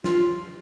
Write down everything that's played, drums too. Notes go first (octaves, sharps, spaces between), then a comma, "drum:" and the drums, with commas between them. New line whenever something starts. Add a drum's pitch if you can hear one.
F4, drum: snare